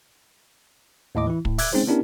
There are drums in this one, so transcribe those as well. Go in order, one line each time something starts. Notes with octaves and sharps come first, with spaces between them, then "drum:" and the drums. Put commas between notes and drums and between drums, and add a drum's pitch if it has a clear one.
D#2 A2 D#5 D6
E3 E4
A2, drum: kick
E5 D6 E6 F#6 G#6, drum: open hi-hat
G#3 C4 C#4 D#4 G#4 C5
B3 C#4 D4 E4 G4 A#4